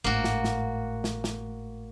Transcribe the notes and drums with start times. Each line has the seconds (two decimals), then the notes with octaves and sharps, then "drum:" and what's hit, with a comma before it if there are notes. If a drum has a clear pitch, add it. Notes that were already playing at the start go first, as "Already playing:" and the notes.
0.04 G#1 A2 A#3 F#4
0.24 drum: snare
0.44 drum: snare
1.04 drum: snare
1.24 drum: snare